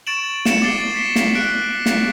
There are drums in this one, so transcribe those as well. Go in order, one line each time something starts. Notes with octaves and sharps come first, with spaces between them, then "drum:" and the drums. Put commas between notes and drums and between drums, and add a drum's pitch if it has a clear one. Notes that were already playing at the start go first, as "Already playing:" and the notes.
C#6 A6 D7 E7 F#7
C#7 D7 E7, drum: snare
D6 A6 C7 G7
A6 B6 C7 G7
drum: snare
F#6 D7
B6 D7
drum: snare